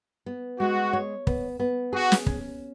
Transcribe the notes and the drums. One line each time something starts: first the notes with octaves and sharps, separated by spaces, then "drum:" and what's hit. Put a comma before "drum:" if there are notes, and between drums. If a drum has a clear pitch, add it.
B3
G#3 F#4
C#5
B3, drum: kick
B3
F#4 G#4
drum: snare
C#4, drum: kick